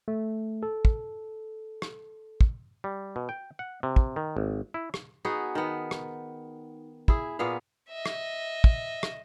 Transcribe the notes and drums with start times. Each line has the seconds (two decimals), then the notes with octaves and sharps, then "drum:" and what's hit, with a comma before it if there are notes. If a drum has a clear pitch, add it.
0.08 A3
0.63 A4
0.85 drum: kick
1.82 drum: rim click
2.41 drum: kick
2.84 G3
3.16 B2
3.29 G5
3.59 F#5
3.83 C3
3.96 drum: kick
4.16 D#3
4.37 G#1
4.74 E4
4.94 drum: rim click
5.25 B3 D#4 F#4 G#4
5.55 D#3 B3
5.91 drum: rim click
7.08 E4 G#4, drum: kick
7.39 A#2 B3 G#4 F5
7.90 D#5 E5
8.06 drum: rim click
8.64 drum: kick
9.03 drum: rim click